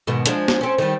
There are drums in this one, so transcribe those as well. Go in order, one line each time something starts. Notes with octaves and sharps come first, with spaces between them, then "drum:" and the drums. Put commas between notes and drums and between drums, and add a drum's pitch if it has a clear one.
G#2 B2 D#3
F3 G#3 D4, drum: hi-hat
drum: snare
C4 C#4
D#3 G3